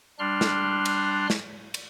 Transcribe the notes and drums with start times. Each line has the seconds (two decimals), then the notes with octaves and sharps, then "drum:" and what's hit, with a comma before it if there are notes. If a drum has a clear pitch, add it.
0.19 G3 D4 C6 F6 F#6
0.41 drum: snare
0.85 drum: cymbal
1.30 drum: snare
1.74 drum: cymbal